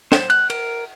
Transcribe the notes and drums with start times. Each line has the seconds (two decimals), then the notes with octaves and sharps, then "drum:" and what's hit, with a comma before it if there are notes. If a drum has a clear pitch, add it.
0.12 C5, drum: snare
0.30 F#6, drum: cymbal
0.50 A#4, drum: cymbal